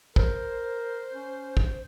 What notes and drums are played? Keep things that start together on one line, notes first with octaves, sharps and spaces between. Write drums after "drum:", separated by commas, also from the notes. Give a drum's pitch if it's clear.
A#4 C5, drum: kick
C#4
drum: kick